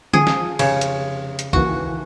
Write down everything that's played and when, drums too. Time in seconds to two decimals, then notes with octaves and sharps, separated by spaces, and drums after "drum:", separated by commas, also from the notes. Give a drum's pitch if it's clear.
0.13 F3 G#4, drum: tom D3
0.27 drum: snare
0.59 F1 C#3 C#7, drum: cymbal
0.81 drum: hi-hat
1.39 drum: hi-hat
1.53 D#2 E3 A#3 F#4, drum: kick